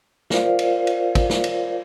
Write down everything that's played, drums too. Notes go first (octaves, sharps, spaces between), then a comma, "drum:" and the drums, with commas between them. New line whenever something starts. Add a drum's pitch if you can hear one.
F4 A#4 C5 D5 F5, drum: snare
drum: cymbal
drum: cymbal
drum: kick, cymbal
drum: snare
drum: cymbal